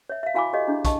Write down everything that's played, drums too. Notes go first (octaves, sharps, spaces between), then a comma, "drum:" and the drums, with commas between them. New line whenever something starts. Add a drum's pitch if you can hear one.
C#5 E5
E5 F5
E4 F#4 F5 G#5 B5 D6
G4 A4 C#5 D#5 F5
D4 E4 G#4
D#5 A5 C#6, drum: kick, hi-hat